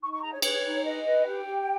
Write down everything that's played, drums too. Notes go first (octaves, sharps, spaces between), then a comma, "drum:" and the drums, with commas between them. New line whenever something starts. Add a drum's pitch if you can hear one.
D#4 C#6
C#6
G#4 A#5
C#5
B4 C#5, drum: cymbal
D#4
B4 D#5
B4
G4 G5
G4